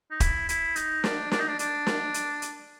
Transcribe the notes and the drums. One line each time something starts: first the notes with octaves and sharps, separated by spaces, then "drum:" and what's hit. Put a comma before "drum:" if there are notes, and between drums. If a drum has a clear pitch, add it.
D#4
E4, drum: kick, hi-hat
E4, drum: hi-hat
D#4, drum: hi-hat
D4, drum: snare
D4, drum: snare
D#4
D4
D4, drum: hi-hat
drum: snare
drum: hi-hat
drum: hi-hat